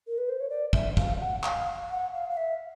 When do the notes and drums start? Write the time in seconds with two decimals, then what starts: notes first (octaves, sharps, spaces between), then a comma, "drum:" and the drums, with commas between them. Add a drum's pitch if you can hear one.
0.08 A#4
0.18 B4
0.29 C5
0.40 C#5
0.50 D5
0.73 E5, drum: kick
0.97 F5, drum: kick
1.20 F#5
1.43 F5, drum: clap
1.90 F#5
2.14 F5
2.30 F5
2.37 E5